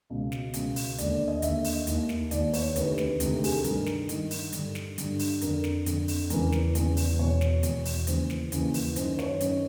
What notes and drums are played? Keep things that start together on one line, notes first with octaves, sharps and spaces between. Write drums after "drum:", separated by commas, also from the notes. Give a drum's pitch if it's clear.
C#2 B2
drum: snare
C#2 B2, drum: hi-hat
drum: open hi-hat
D#2 D3 D5, drum: hi-hat
D5
D#5
D#2 D3 E5, drum: hi-hat
D#5, drum: open hi-hat
D#2 D#3, drum: hi-hat
drum: snare
D#2 D#3 D5, drum: hi-hat
C#5, drum: open hi-hat
D2 C3 D#3 B4, drum: hi-hat
drum: snare
D2 C3 D#3, drum: hi-hat
G4
G#4, drum: open hi-hat
A4
G2 D#3 A#4, drum: hi-hat
drum: snare
G2 D#3, drum: hi-hat
drum: open hi-hat
G2 D3, drum: hi-hat
drum: snare
G2 D3, drum: hi-hat
drum: open hi-hat
F2 D3 A#4, drum: hi-hat
drum: snare
F2 D3, drum: hi-hat
drum: open hi-hat
E2 C#3 E3 A#4, drum: hi-hat
drum: snare
E2 C#3 E3, drum: hi-hat
drum: open hi-hat
E2 B2 C#5
drum: snare
E2 B2, drum: hi-hat
drum: open hi-hat
D#2 C#3 E3 C5, drum: hi-hat
drum: snare
D#2 C#3 E3, drum: hi-hat
drum: open hi-hat
F#2 D#3 C5, drum: hi-hat
C#5, drum: snare
F#2 D#3, drum: hi-hat